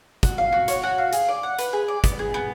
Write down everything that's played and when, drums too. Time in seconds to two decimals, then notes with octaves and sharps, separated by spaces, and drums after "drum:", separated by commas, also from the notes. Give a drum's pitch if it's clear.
0.23 F#4, drum: kick, hi-hat
0.38 F5
0.52 F#4
0.68 C#5, drum: hi-hat
0.83 F#4
0.98 F5
1.13 G#4, drum: hi-hat
1.28 D5
1.43 F#5
1.59 B4, drum: hi-hat
1.73 G#4
1.88 D5
2.04 B3, drum: kick, hi-hat
2.19 G#4
2.34 B3